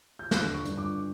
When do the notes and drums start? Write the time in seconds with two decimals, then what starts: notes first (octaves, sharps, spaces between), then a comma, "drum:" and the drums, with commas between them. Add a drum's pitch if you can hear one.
0.19 G6
0.31 D3 F#6, drum: snare
0.54 C#6
0.65 G2, drum: hi-hat
0.77 D6